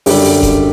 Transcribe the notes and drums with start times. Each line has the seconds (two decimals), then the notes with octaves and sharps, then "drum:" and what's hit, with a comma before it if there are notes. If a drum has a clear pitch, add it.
0.06 F#2 D3 G3 G4, drum: open hi-hat
0.25 drum: open hi-hat
0.43 drum: kick D#1, hi-hat